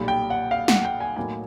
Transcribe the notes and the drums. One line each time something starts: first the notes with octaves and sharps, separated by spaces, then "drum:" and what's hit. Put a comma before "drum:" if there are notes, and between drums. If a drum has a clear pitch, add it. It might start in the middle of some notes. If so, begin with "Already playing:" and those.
Already playing: B1 A#2 G3 B5
G5
F#5
F5
F#5, drum: snare
G5
G#5
A2 F#3 A#3 D#4 G#5